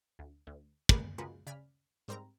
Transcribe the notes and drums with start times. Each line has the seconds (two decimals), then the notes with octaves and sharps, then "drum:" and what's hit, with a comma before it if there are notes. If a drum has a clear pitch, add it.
0.19 D2
0.47 D2
0.89 G4 G#4 A#4 B4 F5 G#5, drum: kick
1.18 C#3 F3 G#3 A#3 F#4 B4
1.47 C#3 D5 G#5 B5 F6
2.08 G#2 G3 C4 A#4 A#5